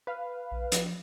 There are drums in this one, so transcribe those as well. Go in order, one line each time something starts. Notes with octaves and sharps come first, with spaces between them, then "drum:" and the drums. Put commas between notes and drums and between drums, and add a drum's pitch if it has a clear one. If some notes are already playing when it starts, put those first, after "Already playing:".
B4 F5
A#1
F3, drum: hi-hat